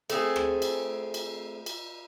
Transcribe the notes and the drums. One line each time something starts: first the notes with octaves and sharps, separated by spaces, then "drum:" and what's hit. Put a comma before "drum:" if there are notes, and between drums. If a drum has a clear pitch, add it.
A3 C4 G#4, drum: cymbal
drum: rim click
drum: cymbal
drum: cymbal
drum: cymbal